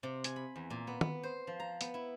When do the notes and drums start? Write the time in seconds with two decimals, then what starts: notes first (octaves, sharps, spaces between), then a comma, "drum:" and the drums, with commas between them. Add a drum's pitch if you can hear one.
0.03 C3
0.24 G#5, drum: hi-hat
0.36 B5
0.56 E2
0.70 A#2
0.87 B3
1.01 B3, drum: tom
1.23 C5
1.47 F3
1.60 A#5
1.81 B3, drum: hi-hat
1.94 E4